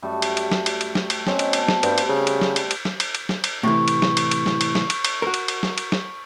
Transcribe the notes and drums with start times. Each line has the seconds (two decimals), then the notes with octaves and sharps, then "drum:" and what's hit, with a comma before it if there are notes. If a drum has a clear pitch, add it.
0.02 F#2 G3 A3
0.22 drum: cymbal
0.37 drum: cymbal
0.52 drum: snare
0.66 drum: cymbal
0.81 drum: cymbal
0.95 drum: snare
1.10 drum: cymbal
1.27 B2 C4 C#4, drum: snare
1.39 drum: cymbal
1.53 A4, drum: cymbal
1.68 drum: snare
1.83 G2 G3 C5, drum: cymbal
1.98 drum: cymbal
2.09 C#3
2.27 drum: cymbal
2.42 drum: snare
2.56 drum: cymbal
2.71 drum: cymbal
2.85 drum: snare
3.00 drum: cymbal
3.15 drum: cymbal
3.29 drum: snare
3.44 drum: cymbal
3.63 A2 C3 E3 C#6
3.88 drum: cymbal
4.02 drum: snare
4.17 drum: cymbal
4.31 drum: cymbal
4.46 drum: snare
4.61 drum: cymbal
4.75 drum: snare
4.90 drum: cymbal
5.05 drum: cymbal
5.22 F#4 A#4
5.34 drum: cymbal
5.48 drum: cymbal
5.63 drum: snare
5.78 drum: cymbal
5.92 drum: snare